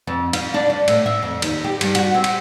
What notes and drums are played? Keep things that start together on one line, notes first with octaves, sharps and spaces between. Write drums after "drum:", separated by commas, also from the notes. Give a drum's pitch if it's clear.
F2
F4, drum: cymbal
D4
D4
A2, drum: cymbal
E5
F2
D#2, drum: cymbal
G4
G2, drum: cymbal
F#4, drum: cymbal
C4
drum: cymbal